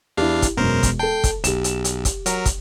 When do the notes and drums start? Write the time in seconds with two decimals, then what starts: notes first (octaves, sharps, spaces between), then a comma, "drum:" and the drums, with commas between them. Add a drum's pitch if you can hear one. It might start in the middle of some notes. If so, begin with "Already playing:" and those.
0.17 E2 D4 E4 G4 F5
0.42 drum: kick, hi-hat
0.57 E1 F#2 B2 A#4 C5
0.83 drum: kick, hi-hat
0.99 A4 G5 A5 C7
1.24 drum: kick, hi-hat
1.44 B1 G4 E7, drum: hi-hat
1.64 drum: hi-hat
1.85 drum: hi-hat
2.05 drum: kick, hi-hat
2.26 F#3 A#4, drum: hi-hat
2.46 drum: kick, hi-hat